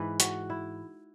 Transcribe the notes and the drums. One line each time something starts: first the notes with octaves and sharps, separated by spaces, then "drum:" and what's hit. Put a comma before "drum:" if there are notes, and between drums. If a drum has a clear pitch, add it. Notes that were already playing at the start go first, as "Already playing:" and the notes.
Already playing: G#2 E3 B4
F#4, drum: hi-hat
E4